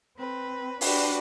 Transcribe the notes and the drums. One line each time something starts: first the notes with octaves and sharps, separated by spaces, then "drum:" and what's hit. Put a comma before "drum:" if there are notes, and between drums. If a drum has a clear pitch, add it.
C4 B4
D4 F#4 G4 B4, drum: open hi-hat